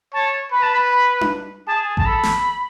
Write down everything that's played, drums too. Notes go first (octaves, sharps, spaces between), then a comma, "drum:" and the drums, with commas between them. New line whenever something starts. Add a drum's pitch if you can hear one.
C#5 A5
B4 B5
A5
B5
B5
drum: tom D4
G#4 A5
A5, drum: kick A1
A4 B5
drum: snare